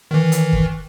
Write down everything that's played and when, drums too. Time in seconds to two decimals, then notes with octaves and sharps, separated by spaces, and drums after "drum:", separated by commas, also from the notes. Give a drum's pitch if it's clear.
0.11 D#3 E3
0.32 drum: hi-hat
0.53 drum: kick